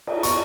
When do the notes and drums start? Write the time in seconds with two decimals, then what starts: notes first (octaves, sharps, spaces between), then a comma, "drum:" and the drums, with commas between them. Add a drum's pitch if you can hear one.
0.07 drum: cymbal
0.23 C#6, drum: hi-hat